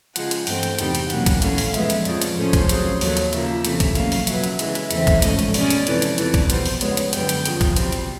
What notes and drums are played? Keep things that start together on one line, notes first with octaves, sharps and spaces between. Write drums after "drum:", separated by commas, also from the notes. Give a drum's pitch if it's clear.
C#3 F3 G#3 F#5, drum: hi-hat
drum: hi-hat
G2 E3 A3 C4 G5, drum: open hi-hat
drum: hi-hat
E2 C3 D#3 G3 G5, drum: hi-hat
drum: hi-hat
B2 F#3 A#3 C#4 F#5, drum: hi-hat
drum: kick, hi-hat
A2 E3 A3 C#4 F5, drum: hi-hat
drum: open hi-hat
A#2 F3 G#3 B3 E5, drum: hi-hat
drum: hi-hat
F2 C#3 F3 D5, drum: hi-hat
drum: hi-hat
A2 F3 A3 C#4 C5
drum: kick, hi-hat
F2 C#3 F#3, drum: hi-hat
D#2 D#3 F#3 A3 C#5, drum: open hi-hat
drum: hi-hat
C#3 F3 A#3 E5, drum: hi-hat
C3 E3 A3 C#4, drum: hi-hat
drum: kick, hi-hat
F2 C#3 F#3 A#3 C#4 F5, drum: hi-hat
drum: open hi-hat
B2 F#3 B3 E5, drum: hi-hat
drum: hi-hat
C#3 E3 G#3 E5, drum: hi-hat
drum: hi-hat
E2 C#3 E3 A3 C4 E5, drum: hi-hat
drum: kick, hi-hat
G#2 F3 A3 C#4 D#5, drum: hi-hat
drum: hi-hat
B2 G#3 C#4 D5, drum: open hi-hat
drum: hi-hat
F2 C3 E3 A3, drum: hi-hat
drum: hi-hat
F2 C3 E3 A3 D5, drum: hi-hat
drum: kick, hi-hat
B2 G3 B3 C5, drum: hi-hat
drum: open hi-hat
F2 C#3 F3 G#3 B3 C#5, drum: hi-hat
drum: hi-hat
F#2 D3 G3 B3 G5, drum: hi-hat
drum: hi-hat
F2 C#3 F3, drum: hi-hat
drum: kick, hi-hat
B2 G3 C4, drum: hi-hat
drum: hi-hat